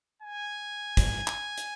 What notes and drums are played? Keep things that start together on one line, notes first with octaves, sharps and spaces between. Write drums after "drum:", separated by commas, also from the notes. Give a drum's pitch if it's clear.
G#5
drum: kick, hi-hat
drum: clap
drum: hi-hat